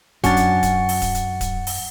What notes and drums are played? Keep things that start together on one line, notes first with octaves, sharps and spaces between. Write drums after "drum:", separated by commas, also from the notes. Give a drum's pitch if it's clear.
F#2 F#3 C#4 D4 F#5 A6, drum: kick D1, hi-hat
drum: hi-hat
drum: kick D1, hi-hat
drum: open hi-hat
drum: kick D1, hi-hat
drum: hi-hat
drum: kick D1, hi-hat
drum: open hi-hat